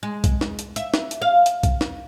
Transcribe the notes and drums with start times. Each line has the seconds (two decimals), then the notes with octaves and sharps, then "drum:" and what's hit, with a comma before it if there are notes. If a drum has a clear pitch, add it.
0.03 G#3
0.24 drum: kick B1, hi-hat
0.41 drum: snare
0.59 drum: hi-hat
0.76 E5, drum: hi-hat
0.94 drum: snare
1.11 drum: hi-hat
1.22 F5
1.46 drum: hi-hat
1.63 drum: kick B1, hi-hat
1.81 drum: snare